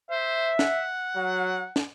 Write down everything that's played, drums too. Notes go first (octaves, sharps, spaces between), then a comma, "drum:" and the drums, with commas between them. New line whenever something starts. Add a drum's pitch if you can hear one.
C5 E5
F#5, drum: snare
F#3
drum: snare